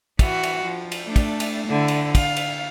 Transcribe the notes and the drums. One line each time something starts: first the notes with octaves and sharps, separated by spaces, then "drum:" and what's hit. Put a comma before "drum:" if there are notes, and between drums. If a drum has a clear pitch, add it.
E3 F#4, drum: kick, cymbal
drum: cymbal
F3
drum: cymbal
A3 D4
drum: kick, cymbal
drum: cymbal
D3 E4
drum: cymbal
F5, drum: kick, cymbal
drum: cymbal